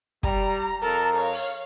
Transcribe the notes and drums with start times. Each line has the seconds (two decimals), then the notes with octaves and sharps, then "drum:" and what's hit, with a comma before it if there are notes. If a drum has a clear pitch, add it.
0.23 G3 A#5, drum: kick
0.82 F2 A4 A#4 A#5
1.15 C#5 F5
1.33 drum: open hi-hat